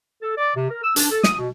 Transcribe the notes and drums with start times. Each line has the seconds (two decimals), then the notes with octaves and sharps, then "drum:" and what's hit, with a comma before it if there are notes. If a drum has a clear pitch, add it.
0.22 A4
0.37 D5
0.56 C3
0.69 A#4
0.83 E6
0.96 D4, drum: hi-hat
1.11 A4
1.24 D#6, drum: snare
1.37 B2